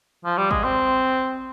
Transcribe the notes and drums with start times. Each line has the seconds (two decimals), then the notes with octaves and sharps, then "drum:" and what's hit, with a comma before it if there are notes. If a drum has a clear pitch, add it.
0.25 F3
0.38 G3
0.51 G#3, drum: kick
0.64 C4